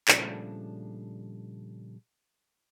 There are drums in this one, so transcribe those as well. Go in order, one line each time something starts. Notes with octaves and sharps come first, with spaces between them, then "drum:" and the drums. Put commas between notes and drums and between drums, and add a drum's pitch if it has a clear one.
A#2 C#3 F3 G3 A3 D4, drum: clap